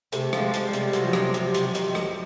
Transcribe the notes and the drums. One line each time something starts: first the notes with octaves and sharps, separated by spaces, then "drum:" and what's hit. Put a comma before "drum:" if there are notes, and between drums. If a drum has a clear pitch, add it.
C3 A3, drum: hi-hat
F3, drum: rim click
G#3
F3, drum: hi-hat
G3
C3, drum: hi-hat
C3 F#3, drum: hi-hat
F3
C3 F#3, drum: rim click
C3, drum: hi-hat
C3, drum: hi-hat
D#3, drum: hi-hat
drum: rim click